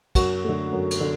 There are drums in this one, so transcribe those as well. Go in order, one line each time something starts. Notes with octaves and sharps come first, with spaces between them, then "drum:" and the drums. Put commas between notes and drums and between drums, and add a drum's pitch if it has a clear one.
F#2 F#4, drum: kick, cymbal
D3 A3
F#2
drum: cymbal
D3